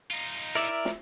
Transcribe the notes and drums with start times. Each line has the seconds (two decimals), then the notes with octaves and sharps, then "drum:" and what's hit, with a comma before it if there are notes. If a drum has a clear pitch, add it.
0.11 D#4 F4
0.55 E4 A#4 D5 E5, drum: hi-hat
0.85 drum: snare